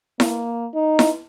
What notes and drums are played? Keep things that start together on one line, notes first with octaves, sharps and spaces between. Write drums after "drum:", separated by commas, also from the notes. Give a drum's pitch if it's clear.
A#3, drum: snare E4
D#4
drum: snare E4